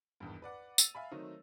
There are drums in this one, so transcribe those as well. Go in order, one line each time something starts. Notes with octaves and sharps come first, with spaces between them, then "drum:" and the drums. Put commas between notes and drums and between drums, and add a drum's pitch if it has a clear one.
G#1 E2 G2
B4 D5 F#5
E6 A6 D#7 F7, drum: tambourine
E5 F5 G#5 B5
D#3 F#3 A3 C4 D#4